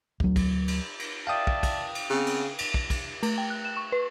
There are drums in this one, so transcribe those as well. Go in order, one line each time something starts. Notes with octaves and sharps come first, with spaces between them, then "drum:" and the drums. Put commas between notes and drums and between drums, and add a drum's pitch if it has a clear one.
D2 F#3, drum: kick
drum: kick, cymbal
drum: cymbal
drum: cymbal
D5 E5 F5 G5 A5 D#6
drum: kick
drum: kick, cymbal
drum: cymbal
C#3 B3 C4
drum: cymbal
drum: cymbal
drum: kick
drum: kick, cymbal
A3, drum: cymbal
G5
F#6
E7
C#6
B4